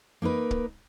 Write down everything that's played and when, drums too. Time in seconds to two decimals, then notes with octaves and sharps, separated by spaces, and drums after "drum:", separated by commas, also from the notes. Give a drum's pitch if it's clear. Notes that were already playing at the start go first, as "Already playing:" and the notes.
0.22 A#3 D#4 A#4 B4
0.51 drum: kick